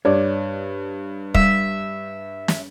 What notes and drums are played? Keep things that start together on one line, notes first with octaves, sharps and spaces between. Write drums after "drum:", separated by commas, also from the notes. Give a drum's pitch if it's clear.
G2 C#5 D5
G3 E5, drum: kick
drum: snare